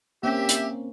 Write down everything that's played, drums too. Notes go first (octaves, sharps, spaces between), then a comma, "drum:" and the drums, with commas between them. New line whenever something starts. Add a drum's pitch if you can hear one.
A#3 C4 C#4 G4 E5
drum: hi-hat